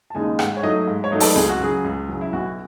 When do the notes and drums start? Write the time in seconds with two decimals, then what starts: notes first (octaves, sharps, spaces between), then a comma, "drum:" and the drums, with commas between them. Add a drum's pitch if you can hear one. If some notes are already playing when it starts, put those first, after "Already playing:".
0.10 A5
0.15 D#2 C#3 G#3 D#4 G#5
0.39 G#2 F#5, drum: rim click
0.57 C#5
0.63 F#3 A3 D#4 D#5
0.87 G#2
1.04 C#5
1.12 F#3 A3 D#4
1.20 A4, drum: open hi-hat
1.36 C#2 G#4, drum: snare
1.49 F#4
1.60 C#3 F#3 G#4
1.84 C#2
2.09 C#3 F#3
2.21 E4
2.33 B1 F#4